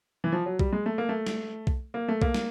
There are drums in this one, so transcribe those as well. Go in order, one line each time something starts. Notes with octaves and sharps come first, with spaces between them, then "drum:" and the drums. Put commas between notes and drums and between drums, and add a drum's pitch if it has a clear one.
E3
F3
F#3
G3, drum: kick B1
G#3
A3
A#3
A3
drum: snare
drum: kick B1
A#3
A3
A#3, drum: kick B1
drum: snare